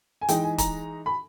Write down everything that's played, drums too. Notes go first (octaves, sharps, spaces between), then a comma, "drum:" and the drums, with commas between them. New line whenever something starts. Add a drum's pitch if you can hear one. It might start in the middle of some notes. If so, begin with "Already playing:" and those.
G#5
E3 G#3 D#4 G5, drum: hi-hat
G#5
A#5, drum: kick, hi-hat
B5